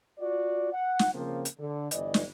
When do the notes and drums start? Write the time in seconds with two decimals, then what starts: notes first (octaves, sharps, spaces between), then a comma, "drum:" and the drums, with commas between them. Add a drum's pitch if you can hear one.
0.18 F4 F#4 D5
0.72 F#5
0.99 drum: snare
1.12 C#3 F3 A#3 C4
1.45 drum: hi-hat
1.58 D3
1.91 G1 E3 D5 D#5, drum: hi-hat
2.14 drum: snare